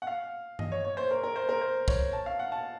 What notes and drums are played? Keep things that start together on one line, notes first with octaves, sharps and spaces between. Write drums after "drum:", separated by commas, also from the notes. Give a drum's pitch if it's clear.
F#5
F5
D#5, drum: tom G2
C#5
C#5
C5
A#4
A#4
C5
A#4
C5
C#5, drum: kick
A5
F5
F#5
A5